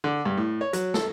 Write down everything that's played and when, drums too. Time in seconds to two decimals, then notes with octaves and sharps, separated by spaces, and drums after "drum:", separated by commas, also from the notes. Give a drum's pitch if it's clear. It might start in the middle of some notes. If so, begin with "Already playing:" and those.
0.04 D3
0.25 G2
0.37 A2
0.61 C#5
0.73 F#3, drum: hi-hat
0.94 A4, drum: snare